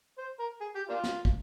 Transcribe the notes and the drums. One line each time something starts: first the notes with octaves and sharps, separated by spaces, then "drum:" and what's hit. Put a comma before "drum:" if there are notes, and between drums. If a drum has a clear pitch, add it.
C5
A#4
G#4
G4
A#3 D4 F4
drum: snare
drum: kick